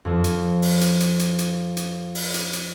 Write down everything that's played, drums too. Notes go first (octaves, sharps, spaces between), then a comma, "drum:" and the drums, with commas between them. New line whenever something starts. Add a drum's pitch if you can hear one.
F2 F3
drum: hi-hat
drum: open hi-hat
drum: hi-hat
drum: hi-hat
drum: hi-hat
drum: hi-hat
drum: hi-hat
drum: open hi-hat
drum: hi-hat
drum: hi-hat